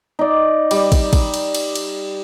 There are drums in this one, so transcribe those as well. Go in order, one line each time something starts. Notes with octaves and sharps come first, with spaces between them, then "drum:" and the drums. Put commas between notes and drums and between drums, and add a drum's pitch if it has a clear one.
D#4 D5
G3, drum: cymbal
drum: kick, cymbal
drum: kick, cymbal
drum: cymbal
drum: cymbal
drum: cymbal